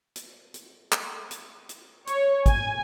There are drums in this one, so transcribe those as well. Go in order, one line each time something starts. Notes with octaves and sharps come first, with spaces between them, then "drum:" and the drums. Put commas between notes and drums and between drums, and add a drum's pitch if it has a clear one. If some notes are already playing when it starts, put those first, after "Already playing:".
drum: hi-hat
drum: hi-hat
drum: clap
drum: hi-hat
drum: hi-hat
C#5, drum: hi-hat
G#5, drum: kick, hi-hat